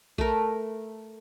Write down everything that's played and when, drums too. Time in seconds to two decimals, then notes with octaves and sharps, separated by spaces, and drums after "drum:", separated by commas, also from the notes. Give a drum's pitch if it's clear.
0.18 A3 A#4, drum: kick